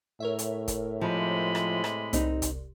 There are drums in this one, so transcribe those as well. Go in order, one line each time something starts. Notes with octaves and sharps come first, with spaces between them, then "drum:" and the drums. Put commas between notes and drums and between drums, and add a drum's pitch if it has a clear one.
A2 A#4 C#5 E5
drum: hi-hat
drum: kick, hi-hat
C3 F3 G#3 B5
drum: rim click
drum: rim click
C2 C4 D#4, drum: hi-hat
drum: kick, hi-hat